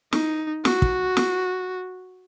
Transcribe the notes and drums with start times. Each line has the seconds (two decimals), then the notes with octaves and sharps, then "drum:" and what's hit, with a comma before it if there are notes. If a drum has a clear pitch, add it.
0.13 D#4, drum: snare
0.65 F#4, drum: snare
0.82 drum: kick
1.17 drum: snare